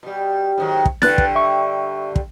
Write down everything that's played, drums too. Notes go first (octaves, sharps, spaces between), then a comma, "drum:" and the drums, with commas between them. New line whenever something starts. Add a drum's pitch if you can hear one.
B2 G3
G#2 D#3 F#3
drum: kick
G2 D3 G3 B4 F#6 A6, drum: snare E4
drum: kick
E5 C#6
drum: kick